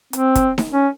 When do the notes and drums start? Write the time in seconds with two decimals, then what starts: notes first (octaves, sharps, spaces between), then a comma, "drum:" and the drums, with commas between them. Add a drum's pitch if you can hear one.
0.13 C4, drum: hi-hat
0.35 drum: kick, hi-hat
0.58 drum: snare D#4
0.72 C#4